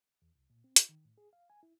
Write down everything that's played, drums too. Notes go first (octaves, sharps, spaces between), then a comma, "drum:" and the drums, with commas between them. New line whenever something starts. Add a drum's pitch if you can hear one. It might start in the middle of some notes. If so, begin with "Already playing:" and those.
E2
C2
A#2
C4
F4, drum: hi-hat
D#3
A2
G#4
F5
G#5
E4